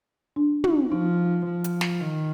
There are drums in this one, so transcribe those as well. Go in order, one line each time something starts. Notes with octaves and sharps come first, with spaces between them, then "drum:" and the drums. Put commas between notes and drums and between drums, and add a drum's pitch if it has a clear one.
D4
D#4, drum: tom
F3 D#4
F3
drum: hi-hat
drum: snare
D#3